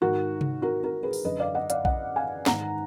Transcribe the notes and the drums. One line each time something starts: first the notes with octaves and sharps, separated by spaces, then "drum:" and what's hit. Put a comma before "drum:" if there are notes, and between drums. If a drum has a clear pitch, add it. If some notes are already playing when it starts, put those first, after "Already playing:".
G#2 D#3 F#4 A#4
drum: tom C3
F#4 A#4
F#4 A#4
G#4 B4
drum: open hi-hat
F#2 D3 B4 D#5
D5 F5
D#5 F#5
D5 F5, drum: hi-hat
D#5 F#5, drum: kick
F5 G#5
G#2 D#3 F#5 A#5, drum: snare